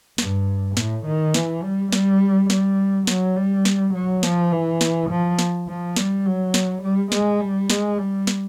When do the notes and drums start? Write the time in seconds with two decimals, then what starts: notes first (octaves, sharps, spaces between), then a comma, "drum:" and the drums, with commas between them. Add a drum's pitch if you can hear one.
0.18 G2, drum: snare
0.77 A2, drum: snare
1.06 D#3
1.34 E3, drum: snare
1.63 G3
1.92 G3, drum: snare
2.50 G3, drum: snare
3.07 F#3, drum: snare
3.36 G3
3.65 drum: snare
3.94 F#3
4.23 F3, drum: snare
4.52 E3
4.81 drum: snare
5.10 F3
5.39 drum: snare
5.68 F3
5.96 G3, drum: snare
6.26 F#3
6.54 drum: snare
6.83 G3
7.12 G#3, drum: snare
7.40 G3
7.70 G#3, drum: snare
7.98 G3
8.27 drum: snare